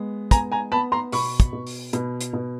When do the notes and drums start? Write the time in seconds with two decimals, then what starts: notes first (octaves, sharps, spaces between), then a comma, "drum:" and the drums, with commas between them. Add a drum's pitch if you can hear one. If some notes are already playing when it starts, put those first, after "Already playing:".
Already playing: G#3 B3
0.31 B3 G#5 A#5, drum: kick, hi-hat
0.52 G#5 A#5
0.72 B3 A5 B5
0.92 A#5 C6
1.12 B2 B5 C#6, drum: open hi-hat
1.40 drum: kick, hi-hat
1.53 B2
1.67 drum: open hi-hat
1.93 B2, drum: hi-hat
2.21 drum: hi-hat
2.33 B2